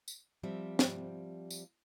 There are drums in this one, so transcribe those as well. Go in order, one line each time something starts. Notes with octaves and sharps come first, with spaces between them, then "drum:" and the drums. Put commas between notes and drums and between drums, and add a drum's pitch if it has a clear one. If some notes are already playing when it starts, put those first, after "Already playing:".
drum: tambourine
F3 G3 C4 E5
drum: snare
drum: tambourine